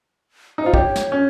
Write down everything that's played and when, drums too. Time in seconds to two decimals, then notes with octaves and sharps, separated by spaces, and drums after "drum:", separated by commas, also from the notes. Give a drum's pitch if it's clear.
0.58 D#4
0.64 F4 C5
0.74 G4 C#5 D#5, drum: kick
0.96 drum: snare
1.12 C#4